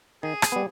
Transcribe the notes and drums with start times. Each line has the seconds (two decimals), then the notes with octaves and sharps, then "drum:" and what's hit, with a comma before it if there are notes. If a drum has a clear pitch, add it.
0.23 D#3 G#4
0.42 drum: rim click
0.52 G3 B3